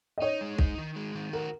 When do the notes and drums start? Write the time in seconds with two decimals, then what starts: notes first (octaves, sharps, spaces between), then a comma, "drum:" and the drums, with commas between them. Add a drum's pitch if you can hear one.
0.18 D#5
0.22 D#4 C#5
0.41 G#3
0.58 D#4, drum: kick
0.78 D#3
0.96 G#3
1.15 D#3
1.33 F#4 A#4